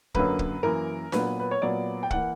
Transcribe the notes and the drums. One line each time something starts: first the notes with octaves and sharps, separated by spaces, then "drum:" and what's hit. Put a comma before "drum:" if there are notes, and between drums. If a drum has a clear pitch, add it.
F#2 D3 F#3 A#3 B4, drum: kick
drum: kick
F#2 E3 A#3 A#4
A#2 F#3 B3 B4, drum: snare D4
B4
C#5
A#2 F#3 B3 D5
G5
E3 A#3 F#5, drum: kick